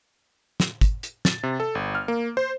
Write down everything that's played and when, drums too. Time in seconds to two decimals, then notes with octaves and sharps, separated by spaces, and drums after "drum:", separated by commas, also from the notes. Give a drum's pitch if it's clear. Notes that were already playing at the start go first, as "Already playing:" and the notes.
0.60 drum: snare
0.81 drum: kick, hi-hat
1.03 drum: hi-hat
1.25 A6, drum: snare
1.43 C3
1.60 A4
1.75 G1
1.95 F6
2.08 A#3
2.37 C5